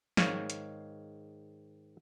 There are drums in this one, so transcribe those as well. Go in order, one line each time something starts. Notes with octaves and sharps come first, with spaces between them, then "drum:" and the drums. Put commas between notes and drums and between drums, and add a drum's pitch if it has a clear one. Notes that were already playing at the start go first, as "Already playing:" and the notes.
G#2 D#3 C#5 F5, drum: snare
drum: hi-hat